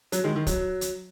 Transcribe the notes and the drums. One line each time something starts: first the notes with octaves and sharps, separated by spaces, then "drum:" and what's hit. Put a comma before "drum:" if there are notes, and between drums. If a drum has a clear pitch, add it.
F#3, drum: hi-hat
D#3 G#3
D#3
F#3, drum: kick, hi-hat
drum: hi-hat